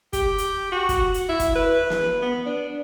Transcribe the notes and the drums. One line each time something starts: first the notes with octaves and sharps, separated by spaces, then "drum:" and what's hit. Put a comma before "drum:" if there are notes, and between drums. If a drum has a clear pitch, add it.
G4, drum: kick, hi-hat
drum: hi-hat
F#4
drum: kick, hi-hat
drum: hi-hat
E4
drum: kick, hi-hat
B4
drum: snare
B3
D4